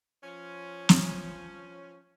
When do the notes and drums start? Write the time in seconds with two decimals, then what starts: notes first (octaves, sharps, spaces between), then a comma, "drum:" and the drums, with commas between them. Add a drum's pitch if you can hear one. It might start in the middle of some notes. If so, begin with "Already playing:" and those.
0.23 F3 C#4
0.89 drum: snare